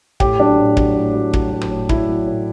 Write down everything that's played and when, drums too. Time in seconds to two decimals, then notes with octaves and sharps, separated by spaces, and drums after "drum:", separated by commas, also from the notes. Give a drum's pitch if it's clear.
0.20 A2 G4, drum: kick
0.40 F#3 D4
0.59 A2
0.77 F#3, drum: kick
0.96 A2
1.14 F#3
1.33 F#3, drum: kick
1.52 F#3
1.61 drum: tom
1.71 A2
1.89 F#3 E4, drum: kick
2.09 F#3
2.27 A2